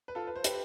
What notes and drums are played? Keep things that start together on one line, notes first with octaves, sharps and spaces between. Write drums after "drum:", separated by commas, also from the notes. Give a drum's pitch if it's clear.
B4
F4 A4
B4
C5
G4 B4, drum: hi-hat